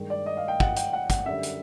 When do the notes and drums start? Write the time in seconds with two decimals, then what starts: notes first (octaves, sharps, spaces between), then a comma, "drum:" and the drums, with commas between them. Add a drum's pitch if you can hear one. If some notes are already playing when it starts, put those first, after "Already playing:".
Already playing: G2 D#3 G#3
0.10 D5
0.26 D#5
0.37 F5
0.48 G5
0.60 F#5, drum: kick
0.76 G5, drum: hi-hat
0.93 F#5
1.10 F#5, drum: kick, hi-hat
1.26 F#2 D3 G3 E5
1.43 drum: hi-hat